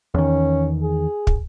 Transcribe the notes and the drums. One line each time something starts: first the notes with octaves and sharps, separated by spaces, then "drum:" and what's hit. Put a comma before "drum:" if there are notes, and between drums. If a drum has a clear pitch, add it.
E2 D#3 C#4
G#4
drum: kick